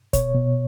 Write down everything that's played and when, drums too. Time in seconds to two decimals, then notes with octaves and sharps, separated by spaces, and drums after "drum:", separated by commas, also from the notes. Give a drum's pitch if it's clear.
0.13 B2 C#5, drum: kick, hi-hat
0.35 B2